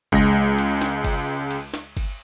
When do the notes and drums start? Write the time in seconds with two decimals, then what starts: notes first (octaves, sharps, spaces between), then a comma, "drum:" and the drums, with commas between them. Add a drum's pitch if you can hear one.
0.12 C#2 G#3 A#6, drum: kick G1
0.58 drum: cymbal
0.81 drum: snare
1.04 drum: kick G1, cymbal
1.51 drum: cymbal
1.74 drum: snare
1.97 drum: kick G1, cymbal